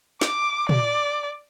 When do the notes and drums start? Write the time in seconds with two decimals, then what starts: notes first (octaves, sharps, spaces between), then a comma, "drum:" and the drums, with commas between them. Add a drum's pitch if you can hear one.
0.21 D6, drum: snare
0.69 D5, drum: tom